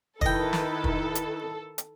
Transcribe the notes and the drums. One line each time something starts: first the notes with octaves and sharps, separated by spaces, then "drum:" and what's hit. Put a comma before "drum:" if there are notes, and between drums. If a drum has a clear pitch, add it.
D#3 E4 A4 B4 D#5 G5, drum: kick
drum: snare
drum: kick
drum: hi-hat
drum: hi-hat